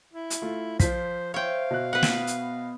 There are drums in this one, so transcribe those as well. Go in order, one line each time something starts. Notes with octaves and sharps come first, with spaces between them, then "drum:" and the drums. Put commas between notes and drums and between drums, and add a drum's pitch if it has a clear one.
E4
drum: hi-hat
A3 F4
F3 F4 C5 B6, drum: kick, hi-hat
C5 C#5 E5 F5 G5
B2 F#6
B3 B4 F#5
drum: snare
drum: hi-hat